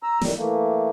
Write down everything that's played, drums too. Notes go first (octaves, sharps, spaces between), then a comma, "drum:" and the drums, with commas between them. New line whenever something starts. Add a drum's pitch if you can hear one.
A#5 E6
A2 D#3 G3, drum: snare
E3 A3 A#3